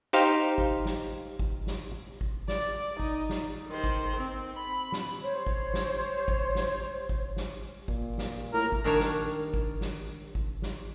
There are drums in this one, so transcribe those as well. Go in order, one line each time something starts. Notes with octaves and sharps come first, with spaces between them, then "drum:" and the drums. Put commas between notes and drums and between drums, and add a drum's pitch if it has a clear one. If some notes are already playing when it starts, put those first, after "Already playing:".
D#4 G4 C5 F5
drum: kick G#1
drum: snare
drum: kick G#1
drum: snare
drum: kick G#1
D5, drum: snare
D#4, drum: kick G#1
drum: snare
D#3 C5
drum: kick G#1
C4
B5
drum: snare
C5 C#5
drum: kick G#1
drum: snare
drum: kick G#1
drum: snare
drum: kick G#1
drum: snare
A#2, drum: kick G#1
drum: snare
A2 A#4
drum: kick G#1
D#3 D4 A#4 C#5
drum: snare
drum: kick G#1
drum: snare
drum: kick G#1
drum: snare